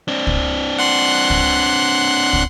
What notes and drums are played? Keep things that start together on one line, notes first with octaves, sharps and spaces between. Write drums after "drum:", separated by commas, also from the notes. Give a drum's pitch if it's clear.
C4 D4
drum: kick
F#5 C6 F#6
drum: kick
drum: kick